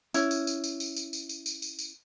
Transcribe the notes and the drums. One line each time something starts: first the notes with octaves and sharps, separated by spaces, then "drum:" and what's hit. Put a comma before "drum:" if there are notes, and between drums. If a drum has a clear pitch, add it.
C#4 E4, drum: tambourine
drum: tambourine
drum: tambourine
drum: tambourine
drum: tambourine
drum: tambourine
drum: tambourine
drum: tambourine
drum: tambourine
drum: tambourine
drum: tambourine